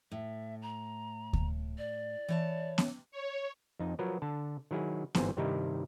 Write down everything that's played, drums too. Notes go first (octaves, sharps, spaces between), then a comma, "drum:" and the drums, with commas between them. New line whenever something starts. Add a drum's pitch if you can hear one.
A2 E5
A#5
drum: kick D2
D5
E3 C#5 A5
drum: snare B3
C#5
F2 D#4
F3 F#3 A#4 B4
D3 A5
D#3 F#3 E4 G#4
G1 G#2 E3 C4 C5 G#5, drum: snare B3
G2 C3 D#3 G3 D#4 E4